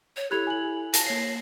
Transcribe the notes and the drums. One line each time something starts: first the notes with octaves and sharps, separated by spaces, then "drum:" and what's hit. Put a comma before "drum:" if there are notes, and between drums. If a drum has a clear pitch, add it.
C#5
E4 G4 A4 B5 F#6 G#6 F7
G#5 F#7
A5 A#6, drum: hi-hat
A#3 C#5 C7